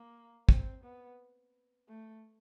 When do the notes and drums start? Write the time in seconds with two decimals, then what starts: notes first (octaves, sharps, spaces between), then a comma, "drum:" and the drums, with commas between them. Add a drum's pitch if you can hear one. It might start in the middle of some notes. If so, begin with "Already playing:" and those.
Already playing: A#3
0.49 C4, drum: kick
0.84 B3
1.89 A3